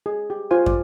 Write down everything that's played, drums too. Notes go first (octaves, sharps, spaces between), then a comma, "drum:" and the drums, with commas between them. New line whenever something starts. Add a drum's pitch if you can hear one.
G#4
G4
F4 C5 G#5
D5, drum: kick